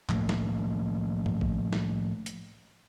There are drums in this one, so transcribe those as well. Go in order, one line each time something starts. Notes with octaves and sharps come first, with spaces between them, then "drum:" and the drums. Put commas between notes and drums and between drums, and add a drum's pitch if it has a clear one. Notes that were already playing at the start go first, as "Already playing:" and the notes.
A2 F3 A3 A#3, drum: clap
drum: snare
drum: tom G2
drum: kick A1
drum: snare
drum: hi-hat